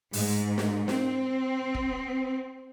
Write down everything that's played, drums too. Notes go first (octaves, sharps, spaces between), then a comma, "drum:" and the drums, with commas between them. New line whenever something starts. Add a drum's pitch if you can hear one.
G#2, drum: open hi-hat
drum: snare
C4, drum: snare
drum: kick